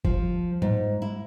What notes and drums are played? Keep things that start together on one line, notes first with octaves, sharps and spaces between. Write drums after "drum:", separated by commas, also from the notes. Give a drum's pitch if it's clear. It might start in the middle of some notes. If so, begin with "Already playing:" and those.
F3, drum: kick
G#2, drum: tom A2
E4